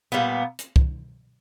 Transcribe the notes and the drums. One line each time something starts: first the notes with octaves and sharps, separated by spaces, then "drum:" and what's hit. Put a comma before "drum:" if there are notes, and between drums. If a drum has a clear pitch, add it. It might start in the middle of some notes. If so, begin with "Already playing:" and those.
A#2 G3 B3
drum: hi-hat
drum: kick